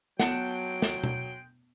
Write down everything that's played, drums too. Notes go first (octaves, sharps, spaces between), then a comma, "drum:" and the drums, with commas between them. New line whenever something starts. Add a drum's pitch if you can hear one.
F#3 G#3 B3 F#5 G5 A5, drum: snare
drum: snare
drum: tom B2